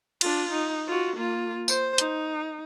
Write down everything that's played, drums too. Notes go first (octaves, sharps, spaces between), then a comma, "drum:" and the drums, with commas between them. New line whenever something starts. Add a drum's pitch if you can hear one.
D4 F4, drum: cymbal
D#4
F4 F#4
A#3 F4
C5, drum: tambourine
D#4, drum: hi-hat